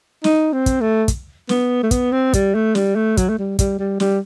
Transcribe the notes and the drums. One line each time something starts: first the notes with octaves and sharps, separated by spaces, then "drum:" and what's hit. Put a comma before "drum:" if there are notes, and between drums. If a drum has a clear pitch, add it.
D#4, drum: snare
C4
drum: kick, hi-hat
A3
drum: kick, hi-hat
B3, drum: snare
A3
B3, drum: kick, hi-hat
C4
G3, drum: kick, hi-hat
A3
G3, drum: snare
A3
F#3, drum: kick, hi-hat
A3
G3
G3, drum: kick, hi-hat
G3
G3, drum: snare